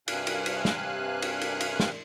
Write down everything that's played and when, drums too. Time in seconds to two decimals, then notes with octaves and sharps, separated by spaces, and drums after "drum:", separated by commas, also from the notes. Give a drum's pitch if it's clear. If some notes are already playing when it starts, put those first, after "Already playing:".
0.08 G2 C3 F5 G#5 F#6, drum: cymbal
0.27 drum: cymbal
0.46 drum: cymbal
0.65 drum: snare
1.22 drum: cymbal
1.41 drum: cymbal
1.61 drum: cymbal
1.80 drum: snare